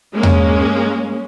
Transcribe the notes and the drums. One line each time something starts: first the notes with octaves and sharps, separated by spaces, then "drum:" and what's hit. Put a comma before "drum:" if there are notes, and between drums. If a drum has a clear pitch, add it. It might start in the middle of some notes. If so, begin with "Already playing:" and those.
G2 G#3 A#3 C#4
drum: tom E2